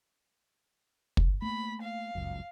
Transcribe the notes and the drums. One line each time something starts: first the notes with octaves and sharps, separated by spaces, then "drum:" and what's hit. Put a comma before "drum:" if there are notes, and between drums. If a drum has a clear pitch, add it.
drum: kick
A3 A#3 B5
F5
G1 C#2 F#2